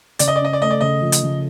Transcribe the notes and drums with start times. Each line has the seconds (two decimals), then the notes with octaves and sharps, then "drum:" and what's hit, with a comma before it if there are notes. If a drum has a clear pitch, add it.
0.19 C#3 D5, drum: hi-hat
0.28 D#5
0.36 D5
0.40 C#4 D#5
0.53 D5
0.61 A3 D#5
0.70 D5
0.81 C#3 D#5
1.02 F3
1.12 drum: hi-hat
1.23 C#3